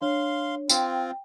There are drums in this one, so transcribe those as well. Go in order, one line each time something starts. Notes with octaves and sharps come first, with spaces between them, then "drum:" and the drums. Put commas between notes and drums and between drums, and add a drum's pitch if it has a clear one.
D4 C#5 F5 C6
C4 F4 G5, drum: tambourine